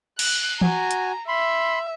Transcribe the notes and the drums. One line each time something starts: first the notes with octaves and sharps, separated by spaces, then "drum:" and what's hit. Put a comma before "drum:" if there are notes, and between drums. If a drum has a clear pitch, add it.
F#6, drum: cymbal
F#4 G#5 A#5, drum: tom E3
drum: hi-hat
E5 B5 C6